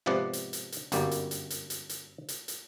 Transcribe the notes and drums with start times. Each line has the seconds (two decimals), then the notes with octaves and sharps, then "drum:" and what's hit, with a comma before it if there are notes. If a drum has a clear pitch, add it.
0.06 G#2 C3 F3 B3 D5 F#5
0.33 drum: hi-hat
0.53 drum: hi-hat
0.72 drum: hi-hat
0.92 G1 F#2 G3 A#3 D5 G5, drum: hi-hat
1.11 drum: hi-hat
1.31 drum: hi-hat
1.50 drum: hi-hat
1.70 drum: hi-hat
1.89 drum: hi-hat
2.28 drum: hi-hat
2.48 drum: hi-hat